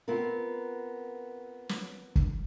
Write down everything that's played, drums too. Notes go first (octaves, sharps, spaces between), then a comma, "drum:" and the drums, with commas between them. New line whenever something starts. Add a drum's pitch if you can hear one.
B3 C4 F4 A#4
drum: snare
drum: kick